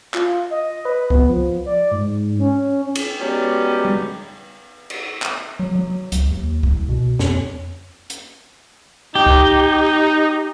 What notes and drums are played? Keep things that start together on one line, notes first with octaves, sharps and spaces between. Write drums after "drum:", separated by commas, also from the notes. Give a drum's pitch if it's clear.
F4, drum: clap
D#5
B4
B3, drum: kick C2
F3
D5
G#2
C#4
drum: cymbal
F#3 G#3 B3 C#4 G4 D5
drum: tom G3
drum: cymbal
drum: clap
F#3
F#3
C#2, drum: hi-hat
D#2
C2, drum: kick C2
B2
F2, drum: snare
drum: hi-hat
D#4 G4
drum: kick C2